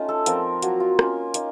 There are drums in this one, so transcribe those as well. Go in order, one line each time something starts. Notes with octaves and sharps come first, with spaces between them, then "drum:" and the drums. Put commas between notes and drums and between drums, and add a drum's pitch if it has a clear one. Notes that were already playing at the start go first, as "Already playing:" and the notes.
Already playing: A3 C#4 D#4 F4
A4
F3 C4 F4 A#4, drum: hi-hat
F#3 A#3 F4 F#4, drum: hi-hat
F4
A#3 C#4 F4, drum: rim click
A#3 D#4, drum: hi-hat